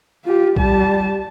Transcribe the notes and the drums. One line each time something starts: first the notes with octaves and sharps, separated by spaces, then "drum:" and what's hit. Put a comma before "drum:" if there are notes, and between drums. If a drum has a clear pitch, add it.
F4 G4
G3 A5, drum: kick B1